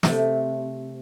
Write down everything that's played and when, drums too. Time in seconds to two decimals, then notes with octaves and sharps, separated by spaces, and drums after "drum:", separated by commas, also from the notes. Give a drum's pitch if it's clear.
0.03 C3 A3, drum: snare